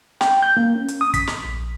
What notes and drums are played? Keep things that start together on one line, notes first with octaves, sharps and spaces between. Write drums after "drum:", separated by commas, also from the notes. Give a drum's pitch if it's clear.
G5, drum: snare
G6
A#3
C#4
drum: hi-hat
D#6
B6, drum: kick, hi-hat
drum: snare
A#1